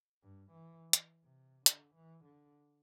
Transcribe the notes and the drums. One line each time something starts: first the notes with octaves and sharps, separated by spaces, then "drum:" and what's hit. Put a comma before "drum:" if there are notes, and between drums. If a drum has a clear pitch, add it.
G2
E3
drum: hi-hat
C3
D3, drum: hi-hat
E3
D3